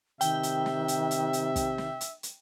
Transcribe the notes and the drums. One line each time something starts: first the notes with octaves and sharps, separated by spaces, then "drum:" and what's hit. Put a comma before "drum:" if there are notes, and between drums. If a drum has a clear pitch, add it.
C3 D#3 E5 G5, drum: hi-hat
drum: hi-hat
drum: snare
drum: hi-hat
drum: hi-hat
drum: hi-hat
drum: kick, hi-hat
drum: snare
drum: hi-hat
drum: hi-hat